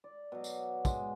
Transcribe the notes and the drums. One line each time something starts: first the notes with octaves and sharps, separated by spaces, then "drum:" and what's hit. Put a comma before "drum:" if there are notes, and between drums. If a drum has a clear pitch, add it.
D5
B2 F#3
drum: tambourine
G#3, drum: kick, tambourine